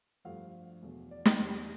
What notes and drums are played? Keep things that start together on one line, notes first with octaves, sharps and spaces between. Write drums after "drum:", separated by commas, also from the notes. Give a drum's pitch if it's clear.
G2 F3 A3 F5
E2 B2 A3
D5
drum: snare
E2 C3 G3